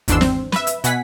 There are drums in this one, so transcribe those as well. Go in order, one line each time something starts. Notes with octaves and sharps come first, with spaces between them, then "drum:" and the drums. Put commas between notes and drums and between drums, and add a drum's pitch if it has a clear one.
G#1 E2 G#2 D4 C6 E6, drum: hi-hat
C4, drum: snare
B4 E5, drum: snare
drum: hi-hat
B2 F#5 G#5 B6, drum: hi-hat